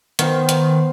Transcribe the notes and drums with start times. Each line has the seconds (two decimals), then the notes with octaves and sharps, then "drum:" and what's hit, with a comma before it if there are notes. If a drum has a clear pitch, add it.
0.19 D#3 B3 C5, drum: hi-hat
0.49 drum: hi-hat